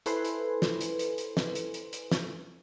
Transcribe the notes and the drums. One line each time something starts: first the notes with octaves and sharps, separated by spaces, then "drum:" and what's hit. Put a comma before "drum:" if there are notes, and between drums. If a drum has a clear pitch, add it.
E4 A4 B4 C5 G#5 C6, drum: hi-hat
drum: hi-hat
drum: snare
drum: hi-hat
drum: hi-hat
drum: hi-hat
drum: snare
drum: hi-hat
drum: hi-hat
drum: hi-hat
drum: snare